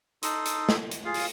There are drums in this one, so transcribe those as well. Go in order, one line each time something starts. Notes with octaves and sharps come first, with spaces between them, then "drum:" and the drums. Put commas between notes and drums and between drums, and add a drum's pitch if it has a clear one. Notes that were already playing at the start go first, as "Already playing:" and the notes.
D#4 A4 C6 D#6, drum: hi-hat
drum: hi-hat
drum: snare
drum: hi-hat
F4 G#4 F5
drum: open hi-hat